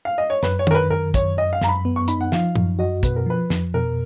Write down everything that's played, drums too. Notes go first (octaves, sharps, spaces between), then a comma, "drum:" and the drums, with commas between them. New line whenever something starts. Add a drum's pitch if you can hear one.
F5
D#5
C#5
F#2 B4, drum: snare
C#5
D#3 A#4, drum: tom
B4
F#2 A#4
F#2 C#5, drum: kick, hi-hat
F#2 D#5
F5
F#2 A#5, drum: snare
B5
B3
C#6
D#4 B5, drum: hi-hat
F#5
F3 F5, drum: snare
F#2, drum: tom
F#4 D#5
B2 B4, drum: kick, hi-hat
A#4
F3 B4
F2, drum: snare
B2 A#4